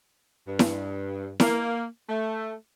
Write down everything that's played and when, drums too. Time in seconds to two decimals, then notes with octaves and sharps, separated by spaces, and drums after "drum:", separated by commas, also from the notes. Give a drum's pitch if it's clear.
0.47 G2
0.59 drum: snare E4
1.40 A#3, drum: snare E4
2.09 A3